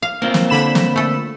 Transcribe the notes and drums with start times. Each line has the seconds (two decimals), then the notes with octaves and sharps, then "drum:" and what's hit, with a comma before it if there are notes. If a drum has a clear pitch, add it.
0.02 F5
0.22 A#3 C4 F4 A#4
0.34 drum: snare
0.50 D3 B5 E7
0.75 drum: snare
0.96 A3 A4